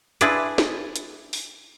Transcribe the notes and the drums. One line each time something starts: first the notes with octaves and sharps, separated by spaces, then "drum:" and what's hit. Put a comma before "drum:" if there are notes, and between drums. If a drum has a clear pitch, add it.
D4 E4 F4 G#4 B4 D5, drum: hi-hat
drum: snare
drum: hi-hat
drum: open hi-hat